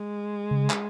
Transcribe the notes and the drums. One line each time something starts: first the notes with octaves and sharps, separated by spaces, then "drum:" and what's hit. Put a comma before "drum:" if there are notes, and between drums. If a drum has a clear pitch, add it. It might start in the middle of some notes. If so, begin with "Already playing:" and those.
Already playing: G#3
C#3
drum: clap